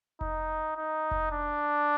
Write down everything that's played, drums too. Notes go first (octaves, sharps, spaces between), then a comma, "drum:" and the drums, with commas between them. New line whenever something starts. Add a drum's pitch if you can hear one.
D#4, drum: kick F1
D#4
drum: kick F1
D4